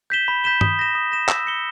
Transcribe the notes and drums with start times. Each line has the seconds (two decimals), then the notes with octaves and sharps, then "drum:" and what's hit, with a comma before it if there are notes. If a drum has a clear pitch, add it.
0.10 G6 B6 E7 G7
0.28 B5
0.44 G6 B6 E7 G7
0.61 D#6, drum: tom G2
0.79 A#6 E7
0.95 D#6
1.12 A#6 E7
1.29 E6, drum: clap
1.46 A#6 C#7 G7